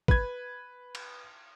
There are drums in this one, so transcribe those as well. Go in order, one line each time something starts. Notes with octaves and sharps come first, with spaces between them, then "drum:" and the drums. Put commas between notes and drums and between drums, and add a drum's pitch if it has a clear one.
B4 G#6, drum: kick
drum: cymbal